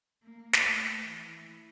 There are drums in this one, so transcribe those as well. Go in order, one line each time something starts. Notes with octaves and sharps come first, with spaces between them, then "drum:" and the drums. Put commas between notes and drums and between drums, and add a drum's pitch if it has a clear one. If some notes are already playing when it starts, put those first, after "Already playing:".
A#3
drum: snare
A3
E3